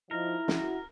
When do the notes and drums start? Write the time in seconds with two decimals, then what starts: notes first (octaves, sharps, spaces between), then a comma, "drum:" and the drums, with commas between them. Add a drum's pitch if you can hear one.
0.11 F3 D#4 E4 A#4
0.48 F#4, drum: snare